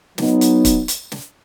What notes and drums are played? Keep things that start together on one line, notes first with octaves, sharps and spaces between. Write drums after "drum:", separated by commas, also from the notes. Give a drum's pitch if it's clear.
F#3 B3 D#4, drum: snare
drum: hi-hat
drum: kick, hi-hat
drum: hi-hat
drum: snare